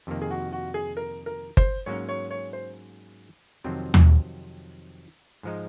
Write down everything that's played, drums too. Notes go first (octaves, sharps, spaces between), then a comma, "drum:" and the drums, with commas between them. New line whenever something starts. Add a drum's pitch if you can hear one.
F2 C3 D#3 A#3
G#4
F#4
F#4
G#4
A#4
A#4
C5, drum: kick G1
G#2 F#3 A#3 C#4 C#5
C#5
C#5
C5
F2 C3 D#3 F#3 C4
drum: tom D#2
G#2 F3 G#3 D#4